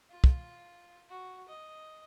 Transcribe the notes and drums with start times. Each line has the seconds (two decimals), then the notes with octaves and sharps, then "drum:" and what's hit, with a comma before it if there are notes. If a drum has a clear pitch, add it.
0.11 F4
0.24 drum: kick
1.09 F#4
1.48 D#5